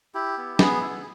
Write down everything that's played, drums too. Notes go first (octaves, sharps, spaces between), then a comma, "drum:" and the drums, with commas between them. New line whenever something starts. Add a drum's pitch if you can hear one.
E4 G4
B3
B3 G#4, drum: snare
E4